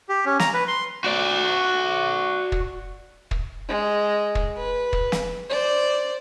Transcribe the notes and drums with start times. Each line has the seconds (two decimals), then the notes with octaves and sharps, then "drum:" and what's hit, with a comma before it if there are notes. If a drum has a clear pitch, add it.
0.09 G4
0.25 C#4
0.39 A#5, drum: snare
0.54 B4
0.68 C6
1.04 F#4 D5
2.52 drum: kick
3.31 drum: kick
3.69 G#3
4.35 drum: kick
4.57 B4
4.93 drum: kick
5.12 drum: snare
5.50 C5 D5